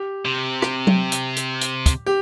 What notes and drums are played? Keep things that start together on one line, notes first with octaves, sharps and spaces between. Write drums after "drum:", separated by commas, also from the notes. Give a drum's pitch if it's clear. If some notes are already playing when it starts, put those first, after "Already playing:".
Already playing: G4
C3
drum: rim click
drum: tom F#3
drum: hi-hat
drum: hi-hat
drum: hi-hat
drum: kick, hi-hat
G4